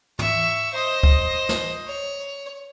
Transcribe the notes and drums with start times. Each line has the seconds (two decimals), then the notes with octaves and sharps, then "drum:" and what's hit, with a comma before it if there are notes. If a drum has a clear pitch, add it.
0.19 E5 C#6, drum: tom
0.73 C5 D#5
1.03 drum: kick C#2
1.49 drum: snare
1.86 C#5